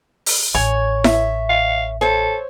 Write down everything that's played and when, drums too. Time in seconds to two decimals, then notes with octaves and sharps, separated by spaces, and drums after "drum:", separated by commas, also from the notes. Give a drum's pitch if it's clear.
0.26 drum: open hi-hat
0.54 A1 C#5 G#5
1.04 E5, drum: snare E4
1.49 F5
2.01 A4 C5 C#5